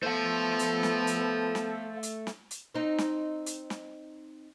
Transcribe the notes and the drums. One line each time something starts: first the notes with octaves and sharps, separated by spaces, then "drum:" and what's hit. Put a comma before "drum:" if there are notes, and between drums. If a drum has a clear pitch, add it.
A3 B3 A4 C5 F5
drum: hi-hat
drum: snare
drum: hi-hat
drum: snare
drum: hi-hat
drum: snare
drum: hi-hat
C4 D#4
drum: snare
drum: hi-hat
drum: snare